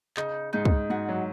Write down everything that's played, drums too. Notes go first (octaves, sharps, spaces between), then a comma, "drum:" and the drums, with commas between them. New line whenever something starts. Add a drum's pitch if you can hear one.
C#3 D#4, drum: clap
G#2 D#4
drum: kick
G#2 F#4
F#3